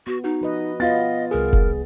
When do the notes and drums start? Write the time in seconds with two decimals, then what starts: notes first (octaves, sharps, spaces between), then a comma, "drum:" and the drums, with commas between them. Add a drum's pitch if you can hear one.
0.07 B3 F#4
0.24 D#4 F#4
0.41 F3 B4 D#5
0.80 B3 F4 D#5 A6
1.31 C2 G#4 A#4
1.53 drum: kick F1